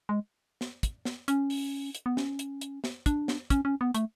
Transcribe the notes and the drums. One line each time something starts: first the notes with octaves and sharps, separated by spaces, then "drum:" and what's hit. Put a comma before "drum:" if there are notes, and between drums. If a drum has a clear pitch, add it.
G#3
drum: snare
drum: kick, hi-hat
drum: snare
C#4, drum: hi-hat
drum: open hi-hat
drum: hi-hat
B3
C#4, drum: snare
drum: hi-hat
drum: hi-hat
drum: snare
D4, drum: kick, hi-hat
drum: snare
C#4, drum: kick, hi-hat
C#4
B3
A3, drum: hi-hat